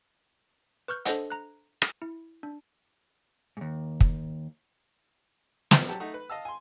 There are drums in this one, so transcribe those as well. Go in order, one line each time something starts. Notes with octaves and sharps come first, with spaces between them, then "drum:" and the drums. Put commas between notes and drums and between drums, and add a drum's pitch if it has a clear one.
B4 C#6 F6 G6
D4 A4 C5 D#5 F#5, drum: hi-hat
A#5 F#6
drum: rim click
E4
D4
D#2 G#2
drum: kick
A1 F3, drum: snare
F#3 G4 A5
A3 D#4 F#5
B4
D#5 F5 A5 E6
G#5 C6